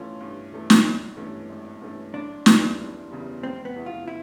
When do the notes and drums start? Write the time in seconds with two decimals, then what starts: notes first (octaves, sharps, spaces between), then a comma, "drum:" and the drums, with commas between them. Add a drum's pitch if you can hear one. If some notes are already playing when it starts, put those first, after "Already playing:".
Already playing: G2 E3 A3 C#4 F4
0.20 G2
0.52 E3 A3 C#4
0.70 drum: snare
0.84 G#1
1.17 G2 E3 A3 C#4
1.49 G#1
1.81 G2 E3 A3 C#4
2.13 F#1 D4
2.46 E2 C#3 E3 G3, drum: snare
2.79 F#1
3.11 E2 C#3 E3 G3
3.43 F1 C4
3.65 B3
3.76 E2 C3 E3
3.86 F4
4.08 E4